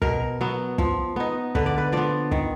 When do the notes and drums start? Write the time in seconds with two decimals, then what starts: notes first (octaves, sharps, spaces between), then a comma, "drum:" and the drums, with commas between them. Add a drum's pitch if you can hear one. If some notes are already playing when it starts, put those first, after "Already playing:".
0.02 B2 A#4, drum: kick
0.41 F#3 B3
0.78 F3, drum: kick
1.16 B3 D#4
1.55 D3 B4, drum: kick
1.66 D5
1.78 B4
1.92 F3 B3 D5
2.31 D#3, drum: kick